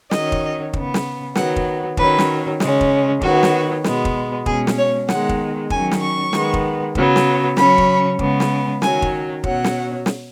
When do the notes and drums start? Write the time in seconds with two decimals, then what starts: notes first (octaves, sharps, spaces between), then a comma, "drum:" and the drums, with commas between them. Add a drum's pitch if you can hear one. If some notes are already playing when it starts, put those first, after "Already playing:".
0.11 D#3 F#3 C#4 D#5, drum: snare
0.32 drum: kick
0.73 C#3 B3, drum: kick
0.94 drum: snare
1.35 D#3 F#3 B3 F#5, drum: snare
1.56 drum: kick
1.97 D#3 F#3 C#4 B4, drum: kick
2.19 drum: snare
2.60 C#3 G#3 C#4, drum: snare
2.81 drum: kick
3.22 D#3 F#3 B3 F#4, drum: kick
3.43 drum: snare
3.84 B2 G#3 B3, drum: snare
4.05 drum: kick
4.46 B2 G#3 C#4 G#4, drum: kick
4.67 drum: snare
4.78 C#5
5.09 D#3 G#3 B3 F#5, drum: snare
5.29 drum: kick
5.70 D#3 F#3 C#4 G#5, drum: kick
5.91 drum: snare
6.02 C#6
6.33 D#3 G#3 B3, drum: snare
6.54 drum: kick
6.95 C#3 F#3 B3, drum: kick
7.16 drum: snare
7.57 C#3 F#3 C#4 B5, drum: snare
7.78 drum: kick
8.19 C#3 G#3 B3, drum: kick
8.40 drum: snare
8.82 D#3 F#3 C#4 G#5, drum: snare
9.02 drum: kick
9.44 B2 F#3 C#4 F#5, drum: kick
9.64 drum: snare
10.06 drum: snare